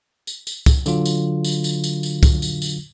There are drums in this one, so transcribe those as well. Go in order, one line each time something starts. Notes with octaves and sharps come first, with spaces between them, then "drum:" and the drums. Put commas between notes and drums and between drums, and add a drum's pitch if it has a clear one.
drum: tambourine
drum: tambourine
drum: kick, tambourine
D3 F#3 F4, drum: tambourine
drum: tambourine
drum: tambourine
drum: tambourine
drum: tambourine
drum: tambourine
drum: kick, tambourine
drum: tambourine
drum: tambourine